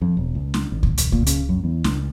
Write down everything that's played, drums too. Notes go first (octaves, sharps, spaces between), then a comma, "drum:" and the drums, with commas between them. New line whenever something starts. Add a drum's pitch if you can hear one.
F2
E1
C#2
drum: snare
G#1
drum: kick C#2
E1, drum: hi-hat
A#2, drum: kick C#2
C#3, drum: hi-hat
F#2
E2
C#2, drum: snare